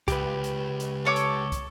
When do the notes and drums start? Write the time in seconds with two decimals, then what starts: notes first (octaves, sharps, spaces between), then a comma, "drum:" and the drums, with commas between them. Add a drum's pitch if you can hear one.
0.08 C#2 G4 B4, drum: kick, hi-hat
0.44 drum: hi-hat
0.80 drum: hi-hat
1.05 A4 C#5 D6
1.16 drum: hi-hat
1.52 drum: kick, hi-hat